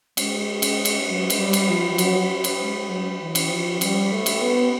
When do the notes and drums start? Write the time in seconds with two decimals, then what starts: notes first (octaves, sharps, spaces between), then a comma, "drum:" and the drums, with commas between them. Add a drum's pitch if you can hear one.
0.17 G#3, drum: cymbal
0.62 drum: cymbal
0.85 drum: cymbal
1.08 F#3
1.30 G#3, drum: cymbal
1.38 G3
1.53 drum: cymbal
1.69 F3
1.91 F3
1.98 F#3, drum: cymbal
2.44 drum: cymbal
2.60 G#3
2.89 F#3
3.20 E3
3.35 drum: cymbal
3.50 F3
3.81 G3, drum: cymbal
4.11 A3
4.26 drum: cymbal
4.41 B3